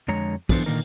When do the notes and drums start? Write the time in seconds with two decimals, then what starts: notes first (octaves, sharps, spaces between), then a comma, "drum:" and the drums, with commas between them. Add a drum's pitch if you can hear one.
0.08 F2 D3 G#3 C#5 A#5
0.49 E3 F#3 B3 D4 A4 C5, drum: kick, open hi-hat
0.66 A#2 D3 D#3 A#3 D#4 A#4